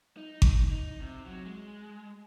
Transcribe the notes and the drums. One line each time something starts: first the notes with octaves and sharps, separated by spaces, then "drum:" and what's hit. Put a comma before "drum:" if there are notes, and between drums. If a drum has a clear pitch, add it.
D#4
drum: kick G#1
D#4
C3
F#3
G#3